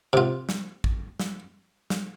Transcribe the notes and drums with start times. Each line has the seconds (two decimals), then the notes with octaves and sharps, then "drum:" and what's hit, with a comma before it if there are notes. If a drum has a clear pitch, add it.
0.13 C3 F4
0.49 drum: snare
0.84 drum: kick A1
1.20 drum: snare
1.90 drum: snare